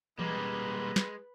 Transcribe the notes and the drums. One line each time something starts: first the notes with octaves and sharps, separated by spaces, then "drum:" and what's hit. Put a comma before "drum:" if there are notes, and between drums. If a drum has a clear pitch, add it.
G3 G#3 A#3 B4, drum: tom E3
drum: snare